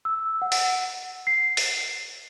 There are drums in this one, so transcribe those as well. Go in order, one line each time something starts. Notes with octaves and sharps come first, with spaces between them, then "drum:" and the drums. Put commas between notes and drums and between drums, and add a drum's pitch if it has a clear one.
E6
F#5
drum: open hi-hat
C7
drum: open hi-hat